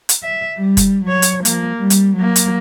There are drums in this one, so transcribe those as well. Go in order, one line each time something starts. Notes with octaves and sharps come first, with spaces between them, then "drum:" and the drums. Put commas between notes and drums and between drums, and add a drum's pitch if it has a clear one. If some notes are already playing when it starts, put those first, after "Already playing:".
drum: hi-hat
E5
G3
drum: kick, hi-hat
F#3 C#5
drum: hi-hat
F3 A#3, drum: hi-hat
G3
drum: hi-hat
F#3 A#3
drum: hi-hat